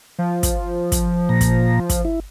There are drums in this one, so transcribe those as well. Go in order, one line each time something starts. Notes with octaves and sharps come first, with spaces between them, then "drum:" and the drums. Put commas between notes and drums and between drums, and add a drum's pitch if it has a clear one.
F3
drum: kick, hi-hat
drum: kick, hi-hat
A#2 A#5
drum: kick, hi-hat
drum: kick, hi-hat
E4